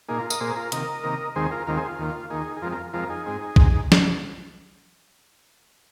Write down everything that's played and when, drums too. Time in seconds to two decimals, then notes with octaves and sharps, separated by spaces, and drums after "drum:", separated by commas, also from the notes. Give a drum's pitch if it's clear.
0.09 A#2 A#3 D#4 G#4
0.19 F4 A#4
0.30 A#4 D#5, drum: tambourine
0.40 A#2 A#3 G#4 C5
0.56 F4 A#4
0.72 C3 D#3 A#3 A#4 D#5, drum: hi-hat
1.04 C3 D#3 A#3
1.36 D#2 D#3 G#3 C4 G#4 C5
1.51 F4 A#4
1.67 D#2 D#3 G#3 C4 F4 A#4
1.77 G#4 C5
1.88 F4
1.99 D#2 D#3 A#3
2.30 D#2 D#3 A#3 D#4 G#4
2.57 G#4
2.62 F2 F3 G#3 C4 F4 A#4
2.72 F4 A#4
2.93 F2 F3 G#3 C4 F4 A#4
3.09 D#4 G#4
3.26 G#2 G#3 C4
3.56 G#3 C4, drum: kick
3.92 drum: snare